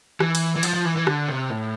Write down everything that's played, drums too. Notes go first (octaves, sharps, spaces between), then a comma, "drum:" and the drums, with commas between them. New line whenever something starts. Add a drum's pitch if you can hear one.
E3, drum: rim click
drum: cymbal
E3
F3, drum: cymbal
F3
E3
E3
D3, drum: rim click
C3
A2